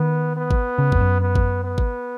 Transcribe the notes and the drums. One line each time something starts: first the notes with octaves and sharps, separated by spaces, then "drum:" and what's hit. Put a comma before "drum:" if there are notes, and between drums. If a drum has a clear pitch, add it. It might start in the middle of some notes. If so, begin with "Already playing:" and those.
Already playing: D#3 B3
B3
drum: kick G#1
C#3
F2, drum: kick G#1
F#2
B3
drum: kick G#1
B3
drum: kick G#1